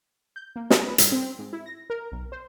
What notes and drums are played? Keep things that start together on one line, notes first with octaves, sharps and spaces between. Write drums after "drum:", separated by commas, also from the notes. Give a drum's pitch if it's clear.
G6
A#3
D#5, drum: snare
B4
G3, drum: hi-hat
C4
G#2
E4
A#6
A#4
B1
C5